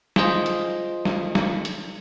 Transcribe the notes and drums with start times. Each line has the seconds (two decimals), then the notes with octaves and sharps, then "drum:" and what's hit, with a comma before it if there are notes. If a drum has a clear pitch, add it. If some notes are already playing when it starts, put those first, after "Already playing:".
0.16 F4 G#4 C5 D#5, drum: snare
0.46 drum: hi-hat
1.05 drum: snare
1.35 drum: snare
1.65 drum: hi-hat